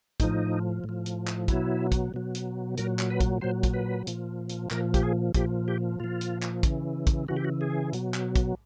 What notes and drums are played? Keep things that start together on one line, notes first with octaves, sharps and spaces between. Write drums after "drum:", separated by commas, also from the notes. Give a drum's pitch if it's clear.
A2 F3 D#4, drum: kick, hi-hat
A2
F3
drum: hi-hat
drum: clap
B2 F#3 E4, drum: kick, hi-hat
drum: kick, hi-hat
B2 F#3
drum: hi-hat
A#2 F#3 A#4, drum: hi-hat
drum: clap
B4
drum: kick, hi-hat
A#2 F#3 C5
drum: kick, hi-hat
B4
A#2 F3, drum: hi-hat
drum: hi-hat
A#2 F3 A#4, drum: clap
G4, drum: kick, hi-hat
G#4
A#2 F3 G4, drum: kick, hi-hat
G4
A#2 F3 F4
drum: hi-hat
drum: clap
C#3 E3, drum: kick, hi-hat
drum: kick, hi-hat
C#3 E3 F#4
G4
F#4
G#4
B2 F#3, drum: hi-hat
drum: clap
drum: kick, hi-hat